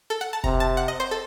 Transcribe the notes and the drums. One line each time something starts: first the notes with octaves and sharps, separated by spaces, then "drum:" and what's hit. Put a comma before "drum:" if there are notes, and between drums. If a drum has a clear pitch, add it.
A4
F#5
A5
C3 A#5, drum: kick F1
A5
F#5
D#5
C5
A4